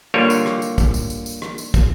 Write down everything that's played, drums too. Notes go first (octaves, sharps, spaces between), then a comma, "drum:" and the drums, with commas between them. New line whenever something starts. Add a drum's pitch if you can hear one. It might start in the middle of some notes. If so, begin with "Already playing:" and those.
D3 G3 A#3 D4 F4 C#5
drum: tambourine
drum: rim click
drum: tambourine
drum: kick, tambourine
drum: tambourine
drum: tambourine
drum: tambourine
drum: rim click
drum: tambourine
drum: kick, tambourine